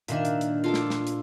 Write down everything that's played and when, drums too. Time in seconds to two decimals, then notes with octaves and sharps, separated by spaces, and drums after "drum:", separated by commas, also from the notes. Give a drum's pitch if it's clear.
0.08 A#2 D#3 D4 B4 E5, drum: hi-hat
0.25 drum: hi-hat
0.41 drum: hi-hat
0.64 F4 A4 D6
0.74 drum: snare
0.90 drum: snare
1.07 drum: hi-hat